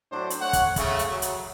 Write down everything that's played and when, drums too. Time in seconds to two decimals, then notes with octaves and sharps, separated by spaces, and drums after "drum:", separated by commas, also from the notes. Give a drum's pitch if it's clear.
0.11 A2 F#3 D4 C5
0.30 drum: hi-hat
0.41 A3 C#5 F#5
0.53 drum: kick, hi-hat
0.76 C#3 A3, drum: kick, hi-hat
0.99 drum: hi-hat
1.10 F#3
1.22 drum: hi-hat